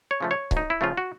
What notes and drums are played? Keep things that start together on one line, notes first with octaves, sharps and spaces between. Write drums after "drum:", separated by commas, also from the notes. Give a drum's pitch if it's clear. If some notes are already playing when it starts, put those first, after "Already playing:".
C#5
C#3 F3 A3
C#5
D2, drum: kick C#1
D#4
E4
C#3 F3 A3 F4
F#4